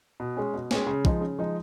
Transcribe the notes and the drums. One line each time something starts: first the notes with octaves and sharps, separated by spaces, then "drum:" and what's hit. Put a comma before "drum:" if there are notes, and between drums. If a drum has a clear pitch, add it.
B2
G#3 C#4
B2
G#3 C#4, drum: snare
C#3
F3 G#3 D#4, drum: kick
C#3
F3 G#3 D#4